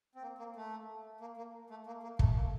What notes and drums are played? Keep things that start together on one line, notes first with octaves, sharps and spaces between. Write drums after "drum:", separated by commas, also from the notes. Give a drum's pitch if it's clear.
C4
A#3
A#3
A3
A#3
A#3
A3
A#3
A#3
A3, drum: kick
A#3